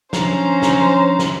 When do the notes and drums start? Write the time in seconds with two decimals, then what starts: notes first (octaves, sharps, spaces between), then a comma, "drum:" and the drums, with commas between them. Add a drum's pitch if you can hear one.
0.13 F3 C#4 D4 C5 A#5, drum: snare
0.62 drum: snare
1.19 drum: snare